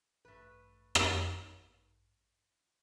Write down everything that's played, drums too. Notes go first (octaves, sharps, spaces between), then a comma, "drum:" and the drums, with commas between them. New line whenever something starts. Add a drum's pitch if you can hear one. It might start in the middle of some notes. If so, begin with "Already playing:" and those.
A1 G2 A3 B4
drum: rim click